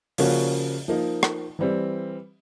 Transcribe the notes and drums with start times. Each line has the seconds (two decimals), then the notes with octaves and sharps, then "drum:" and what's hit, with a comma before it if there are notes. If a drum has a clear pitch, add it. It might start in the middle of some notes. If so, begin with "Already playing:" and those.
0.18 C#3 F3 A#3 C#4 F#4, drum: open hi-hat
0.88 F3 A#3 D#4
1.23 drum: rim click
1.59 E3 G3 C4